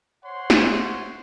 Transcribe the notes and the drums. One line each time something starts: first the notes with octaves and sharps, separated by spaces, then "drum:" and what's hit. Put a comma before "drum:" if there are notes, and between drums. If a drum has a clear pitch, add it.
C5 C#5 F#5 C6
drum: snare